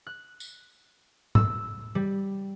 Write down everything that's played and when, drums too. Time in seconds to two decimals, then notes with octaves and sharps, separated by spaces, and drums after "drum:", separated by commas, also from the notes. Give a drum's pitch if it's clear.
0.07 F#6
0.40 drum: tambourine
1.35 E6, drum: tom G#2
1.95 G3